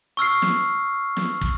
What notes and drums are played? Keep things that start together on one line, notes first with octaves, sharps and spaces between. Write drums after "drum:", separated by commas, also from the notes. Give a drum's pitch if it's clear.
C#6 E6 F6 C7
drum: snare
drum: snare
drum: kick